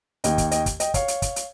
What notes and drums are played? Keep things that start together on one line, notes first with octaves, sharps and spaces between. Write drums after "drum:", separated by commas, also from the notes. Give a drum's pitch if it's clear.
D#2 D#3 D#5 G5, drum: hi-hat
drum: kick, hi-hat
D#5 G5, drum: hi-hat
drum: kick, hi-hat
D#5 G5, drum: hi-hat
C#5 F5, drum: kick, hi-hat
drum: hi-hat
drum: kick, hi-hat
drum: hi-hat